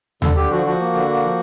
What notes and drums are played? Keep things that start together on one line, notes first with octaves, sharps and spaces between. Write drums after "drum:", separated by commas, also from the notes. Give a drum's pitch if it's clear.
D3 A4, drum: tom D#2
D3 G4
F3 F#4
F3 F#4
A#3
D3
A#3
F3